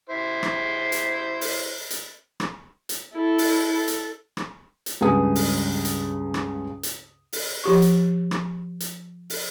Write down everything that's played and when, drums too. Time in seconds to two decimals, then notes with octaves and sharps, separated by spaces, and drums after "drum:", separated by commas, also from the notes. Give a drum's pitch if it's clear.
0.09 E4 C5
0.43 drum: rim click
0.92 drum: hi-hat
1.41 drum: open hi-hat
1.90 drum: hi-hat
2.40 drum: rim click
2.89 drum: hi-hat
3.14 E4 A4
3.38 drum: open hi-hat
3.73 A4
3.88 drum: hi-hat
4.37 drum: rim click
4.86 drum: hi-hat
5.01 C#2 G2 C#3 B4 G#5 D#6
5.35 drum: open hi-hat
5.85 drum: hi-hat
6.34 drum: rim click
6.83 drum: hi-hat
7.33 drum: open hi-hat
7.64 F3 G4 C#6
7.82 drum: hi-hat
8.31 drum: rim click
8.80 drum: hi-hat
9.30 drum: open hi-hat